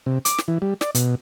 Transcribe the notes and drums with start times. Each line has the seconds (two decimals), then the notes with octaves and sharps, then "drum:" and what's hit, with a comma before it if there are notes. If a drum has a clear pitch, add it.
0.06 C3
0.25 D6, drum: hi-hat
0.38 drum: snare
0.48 E3
0.62 G3
0.81 D5, drum: snare
0.95 B2, drum: hi-hat